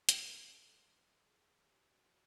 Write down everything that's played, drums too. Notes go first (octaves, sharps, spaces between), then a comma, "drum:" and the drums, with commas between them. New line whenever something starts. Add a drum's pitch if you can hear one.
D3 G#4, drum: hi-hat
A#4
F3 A3 D4 A4
A4
D3 A4
F3 A3 D4 G#4
D3 G4
F#4
F3 A3 D4